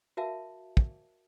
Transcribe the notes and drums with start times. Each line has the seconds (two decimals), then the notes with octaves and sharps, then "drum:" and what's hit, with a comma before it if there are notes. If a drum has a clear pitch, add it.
0.17 F#4 A#4 E5 F5 A5
0.77 drum: kick